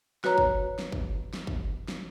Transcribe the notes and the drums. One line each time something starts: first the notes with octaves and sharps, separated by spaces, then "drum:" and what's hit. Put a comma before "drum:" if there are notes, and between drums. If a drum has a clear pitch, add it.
F#4 B4 C#5 A#5, drum: snare
drum: kick
drum: snare
drum: kick
drum: snare
drum: kick
drum: snare